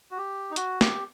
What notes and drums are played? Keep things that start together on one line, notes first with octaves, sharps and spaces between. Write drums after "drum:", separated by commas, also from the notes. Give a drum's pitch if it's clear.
F#4
G4
D#4
F#4, drum: hi-hat
G4, drum: snare